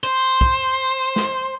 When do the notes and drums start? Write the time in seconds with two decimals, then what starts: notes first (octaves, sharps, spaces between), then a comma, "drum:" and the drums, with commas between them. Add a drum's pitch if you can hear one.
0.04 C5
0.41 drum: kick
1.16 drum: snare